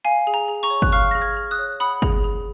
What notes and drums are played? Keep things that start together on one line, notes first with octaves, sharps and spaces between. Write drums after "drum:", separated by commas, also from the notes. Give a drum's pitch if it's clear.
F5 G#5
G#4
A#5
G#4
A#5 C#6
C#5
F#6, drum: kick G1
F5 C#6 F6
G#4 A#6
F6 G#6
G#4
D#6 F#6
C#5
F#5 B5 D#6
G#4, drum: kick G1
G#4